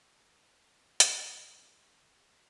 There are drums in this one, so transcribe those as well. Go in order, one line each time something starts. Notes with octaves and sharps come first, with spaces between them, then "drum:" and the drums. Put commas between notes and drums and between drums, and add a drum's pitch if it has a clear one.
E3
D3
D#3
D#3, drum: hi-hat